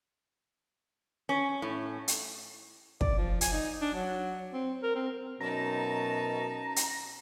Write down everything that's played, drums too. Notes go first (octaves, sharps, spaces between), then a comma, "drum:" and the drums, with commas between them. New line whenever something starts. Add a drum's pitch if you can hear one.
C#4
A2
drum: hi-hat
D5, drum: kick
F3
G#5, drum: hi-hat
D#4
D4
F#3
C4
A#4
C4
F#2 B2 D#4 A5 A#5
drum: hi-hat